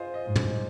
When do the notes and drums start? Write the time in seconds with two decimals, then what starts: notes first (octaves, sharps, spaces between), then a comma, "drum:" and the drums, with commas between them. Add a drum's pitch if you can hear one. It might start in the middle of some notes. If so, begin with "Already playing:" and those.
Already playing: F4 G#4 C5 D#5 F5 G#5
0.14 D#5
0.25 G#2
0.36 C5, drum: tom